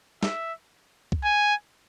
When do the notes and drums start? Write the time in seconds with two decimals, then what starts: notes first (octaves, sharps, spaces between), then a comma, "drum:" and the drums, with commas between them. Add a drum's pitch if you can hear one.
0.23 E5, drum: snare
1.12 drum: kick C2
1.24 G#5